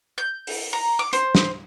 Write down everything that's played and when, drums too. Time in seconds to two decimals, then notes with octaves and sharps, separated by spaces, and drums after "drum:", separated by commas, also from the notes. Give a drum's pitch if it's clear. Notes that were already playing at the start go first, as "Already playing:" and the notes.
0.18 G6
0.47 drum: open hi-hat
0.73 A#5
0.99 D6
1.13 C5, drum: hi-hat
1.35 drum: snare